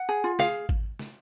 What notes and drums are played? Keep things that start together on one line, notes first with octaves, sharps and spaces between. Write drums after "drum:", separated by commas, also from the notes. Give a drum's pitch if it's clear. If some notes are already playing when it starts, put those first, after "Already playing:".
Already playing: F#5
G#4
F4
G#4 F5, drum: snare
drum: kick G#1
drum: snare